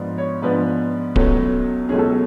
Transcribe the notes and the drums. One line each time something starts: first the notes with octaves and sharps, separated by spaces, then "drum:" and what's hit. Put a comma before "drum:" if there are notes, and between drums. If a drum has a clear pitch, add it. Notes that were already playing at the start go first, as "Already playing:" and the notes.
Already playing: G#2 F3 B3 D4
C#5
G#2 F3 B3 D4 B4
C#2 B2 F#3 A3 C#4, drum: kick D1
C#2 B2 F#3 A3 C#4 G#4
A4
G#4